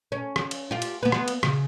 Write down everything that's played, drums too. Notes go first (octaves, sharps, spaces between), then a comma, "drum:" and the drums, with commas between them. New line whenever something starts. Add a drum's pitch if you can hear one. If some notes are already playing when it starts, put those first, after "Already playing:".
C#4
drum: rim click
drum: cymbal
F4 G4
drum: cymbal
B3 B4
drum: rim click
drum: cymbal
C#3, drum: rim click